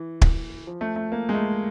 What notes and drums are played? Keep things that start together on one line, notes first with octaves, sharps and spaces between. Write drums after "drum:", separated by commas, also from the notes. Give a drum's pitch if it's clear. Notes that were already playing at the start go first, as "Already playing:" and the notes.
Already playing: E3
drum: kick
F3
A3
A3
A#3
G#3
A3